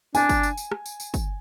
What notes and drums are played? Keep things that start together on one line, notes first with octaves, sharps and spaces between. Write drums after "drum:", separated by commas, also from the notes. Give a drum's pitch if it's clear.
D4 G#5, drum: tambourine
drum: kick, tambourine
drum: tambourine
drum: tambourine
drum: rim click
drum: tambourine
drum: tambourine
drum: kick, tambourine